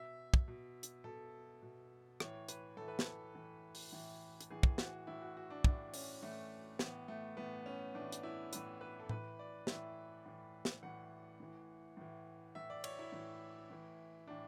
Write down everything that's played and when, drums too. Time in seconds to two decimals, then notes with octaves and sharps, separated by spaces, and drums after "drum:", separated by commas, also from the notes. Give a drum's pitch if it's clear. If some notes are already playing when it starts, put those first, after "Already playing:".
Already playing: B2 E5
0.34 drum: kick
0.48 B2
0.83 drum: hi-hat
1.04 B2 A4
1.62 B2
2.20 A2 E3 C#5, drum: rim click
2.49 B4, drum: hi-hat
2.77 A2 E3 A4
2.88 B4
2.99 A4, drum: snare
3.35 A2 E3
3.75 drum: open hi-hat
3.92 A2 E3
4.41 drum: hi-hat
4.50 A2 E3 G#4
4.63 drum: kick
4.78 F#4, drum: snare
5.07 A2 E3 E4
5.22 F#4
5.37 F#4
5.50 D4
5.64 A2 E3 D4, drum: kick
5.94 C#4, drum: open hi-hat
6.22 A2 E3 A3
6.79 A2 E3 B3, drum: snare
7.08 A3
7.37 A2 E3 B3
7.66 C#4
7.94 A2 E3 D4
8.12 drum: hi-hat
8.23 E4
8.53 A2 E3 B4, drum: hi-hat
8.81 B4
9.00 A4
9.09 A2 E3 B4, drum: tom A2
9.39 D5
9.67 A2 E3 E5, drum: snare
10.26 A2 E3
10.65 drum: snare
10.83 A2 E3 F#5
11.40 A2 E3
11.97 A2 E3
12.55 A2 E3 E5
12.70 D5
12.84 C#5, drum: cymbal
12.99 E4
13.12 A2 E3
13.70 A2 E3
14.27 A2 E3 D4